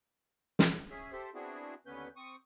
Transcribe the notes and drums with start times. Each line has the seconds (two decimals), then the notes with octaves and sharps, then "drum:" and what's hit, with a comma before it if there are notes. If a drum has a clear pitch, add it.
0.59 drum: snare
0.90 C#4 G#4 E5
1.12 G4 A4 C5 E5
1.34 B3 C4 D4 E4 F#4 G#4
1.86 D#2 D3 B3 C#4 B4 G6
2.16 C4 C#6 D#6